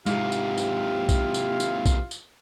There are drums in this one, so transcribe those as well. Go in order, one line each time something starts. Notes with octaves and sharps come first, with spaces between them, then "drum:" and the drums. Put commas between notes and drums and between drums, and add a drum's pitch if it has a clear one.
G#2 C3 G#3 E4 F4 G4 F5, drum: tambourine
drum: tambourine
drum: tambourine
drum: kick B1, tambourine
drum: tambourine
drum: tambourine
drum: kick B1, tambourine
drum: tambourine